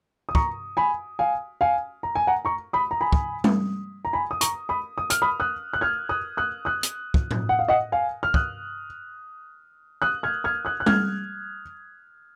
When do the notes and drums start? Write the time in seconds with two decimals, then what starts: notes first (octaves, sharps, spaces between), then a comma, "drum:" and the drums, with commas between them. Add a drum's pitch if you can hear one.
0.29 D#6
0.35 A#5 C#6, drum: kick
0.77 G#5 B5
1.19 F5 G#5
1.61 F5 G#5
2.03 A#5
2.15 G#5
2.27 F#5 A#5
2.45 A#5 C#6
2.73 B5 D#6
2.91 A#5
3.01 G#5 B5
3.13 drum: kick
3.44 drum: tom G3
4.05 A#5
4.13 G#5 B5
4.31 D#6
4.41 A#5 C#6, drum: hi-hat
4.69 B5 D#6
4.98 D#6
5.10 F6, drum: hi-hat
5.22 B5 D#6
5.40 D#6 F#6
5.73 F#6
5.81 F6 G#6
6.09 D#6 F#6
6.37 D#6 F#6
6.65 D#6 F#6
6.83 drum: hi-hat
7.14 drum: kick
7.31 drum: tom A2
7.49 F#5
7.59 F5
7.68 D#5 F#5
7.92 F5 G#5
8.23 F6
8.34 D#6 F#6, drum: kick
10.02 D#6 F#6
10.23 F6 G#6
10.44 F6 G#6
10.65 D#6 F#6
10.80 F#6
10.86 F6 G#6, drum: tom G3